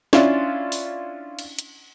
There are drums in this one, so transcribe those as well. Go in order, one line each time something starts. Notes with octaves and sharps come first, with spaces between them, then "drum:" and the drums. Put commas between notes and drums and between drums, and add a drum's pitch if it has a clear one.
C#4 D4 E4 F4, drum: snare
drum: open hi-hat
drum: cymbal
drum: hi-hat